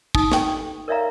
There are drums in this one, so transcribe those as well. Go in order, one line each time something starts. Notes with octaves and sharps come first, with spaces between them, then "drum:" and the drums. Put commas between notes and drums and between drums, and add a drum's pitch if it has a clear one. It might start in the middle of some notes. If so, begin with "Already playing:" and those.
D#4 D#6, drum: kick
G4 A4 G5, drum: snare
A#4 C#5 D5 E5 F5 A#5